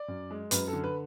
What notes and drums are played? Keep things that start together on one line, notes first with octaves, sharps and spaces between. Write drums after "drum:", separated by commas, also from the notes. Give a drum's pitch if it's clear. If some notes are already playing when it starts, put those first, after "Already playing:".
Already playing: D5
F#2
G#3
F#2 B4, drum: hi-hat
A4
D3
B4